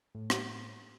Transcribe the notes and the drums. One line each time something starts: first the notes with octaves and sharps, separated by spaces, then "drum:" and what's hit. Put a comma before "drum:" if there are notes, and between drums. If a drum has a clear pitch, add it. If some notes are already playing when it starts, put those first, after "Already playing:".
A2
drum: rim click